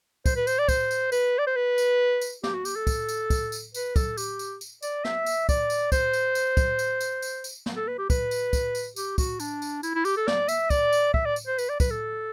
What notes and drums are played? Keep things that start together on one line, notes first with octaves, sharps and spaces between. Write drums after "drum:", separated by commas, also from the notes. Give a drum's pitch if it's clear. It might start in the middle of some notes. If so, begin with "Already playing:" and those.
C5, drum: kick, tambourine
B4
C5, drum: tambourine
D5
C5, drum: kick, tambourine
drum: tambourine
B4, drum: tambourine
D5
C5
B4
drum: tambourine
drum: tambourine
G4, drum: snare
F#4
G4, drum: tambourine
A4
drum: kick, tambourine
drum: tambourine
drum: kick, tambourine
drum: tambourine
B4, drum: tambourine
A4, drum: kick, tambourine
G4, drum: tambourine
drum: tambourine
drum: tambourine
D5, drum: tambourine
E5, drum: snare
drum: tambourine
D5, drum: kick, tambourine
drum: tambourine
C5, drum: kick, tambourine
drum: tambourine
drum: tambourine
drum: kick, tambourine
drum: tambourine
drum: tambourine
drum: tambourine
drum: tambourine
drum: snare
A4
B4
G4
B4, drum: kick, tambourine
drum: tambourine
drum: kick, tambourine
drum: tambourine
G4, drum: tambourine
F#4, drum: kick, tambourine
D4, drum: tambourine
drum: tambourine
E4, drum: tambourine
E4
G4, drum: tambourine
A4
D5, drum: snare
E5, drum: tambourine
D5, drum: kick, tambourine
drum: tambourine
E5, drum: kick
D5
drum: tambourine
C5
B4, drum: tambourine
D5
B4, drum: kick, tambourine
A4